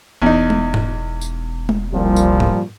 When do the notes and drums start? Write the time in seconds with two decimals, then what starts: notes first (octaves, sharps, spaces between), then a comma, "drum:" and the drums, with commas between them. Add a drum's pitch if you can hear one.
0.22 E1 E2 D#4
0.50 drum: tom G#3
0.74 drum: tom G#2
1.21 drum: tambourine
1.69 drum: tom G#3
1.93 C2 A#2 F3 G3
2.16 drum: tambourine
2.40 drum: tom G#2